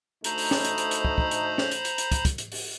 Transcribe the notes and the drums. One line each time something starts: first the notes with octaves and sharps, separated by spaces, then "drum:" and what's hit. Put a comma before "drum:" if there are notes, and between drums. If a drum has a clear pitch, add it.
D2 A3 D#4 C5 A#5 B5, drum: hi-hat
drum: open hi-hat
drum: snare
drum: hi-hat
drum: hi-hat
drum: hi-hat
drum: kick
drum: kick
drum: hi-hat
drum: snare
drum: hi-hat
drum: hi-hat
drum: hi-hat
drum: kick, hi-hat
drum: kick, hi-hat
drum: hi-hat
drum: open hi-hat